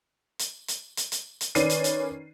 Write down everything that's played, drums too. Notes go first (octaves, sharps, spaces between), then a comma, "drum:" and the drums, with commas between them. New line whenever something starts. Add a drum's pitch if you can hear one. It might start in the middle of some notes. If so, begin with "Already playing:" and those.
drum: hi-hat
drum: hi-hat
drum: hi-hat
drum: hi-hat
drum: hi-hat
D#3 C#4 B4 D5 C7 D#7, drum: hi-hat
drum: hi-hat
drum: hi-hat